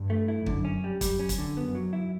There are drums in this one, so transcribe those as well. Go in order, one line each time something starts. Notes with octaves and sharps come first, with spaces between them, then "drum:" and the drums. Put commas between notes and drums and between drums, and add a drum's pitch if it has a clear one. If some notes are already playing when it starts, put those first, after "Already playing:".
Already playing: G2
A3
E4
F#2 D3, drum: kick
C#4
G3
F#2 G3, drum: kick, hi-hat
C#4
drum: kick, hi-hat
D3
F#2 B3
F#3
E4